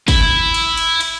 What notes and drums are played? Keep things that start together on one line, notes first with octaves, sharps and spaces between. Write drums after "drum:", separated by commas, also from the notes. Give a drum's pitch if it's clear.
E4, drum: kick, cymbal
drum: cymbal
drum: cymbal
drum: cymbal